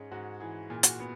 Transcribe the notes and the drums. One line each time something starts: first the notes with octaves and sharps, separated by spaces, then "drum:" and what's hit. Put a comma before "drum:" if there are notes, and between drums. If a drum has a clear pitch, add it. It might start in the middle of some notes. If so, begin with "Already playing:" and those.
Already playing: G#2 G#3 C#4
G#2 F#4
E3 G#4
A#2 G#4
F#4, drum: hi-hat
B3